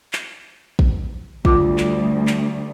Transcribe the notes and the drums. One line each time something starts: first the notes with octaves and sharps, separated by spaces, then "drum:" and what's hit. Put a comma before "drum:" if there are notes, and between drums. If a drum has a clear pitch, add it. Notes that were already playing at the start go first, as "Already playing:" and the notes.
drum: clap
drum: kick A1
D2 G3 F4 D6, drum: kick A1
drum: clap
drum: clap